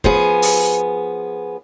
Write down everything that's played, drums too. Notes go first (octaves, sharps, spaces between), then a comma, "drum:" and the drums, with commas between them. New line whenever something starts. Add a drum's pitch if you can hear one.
F3 B3 G#4, drum: kick
drum: open hi-hat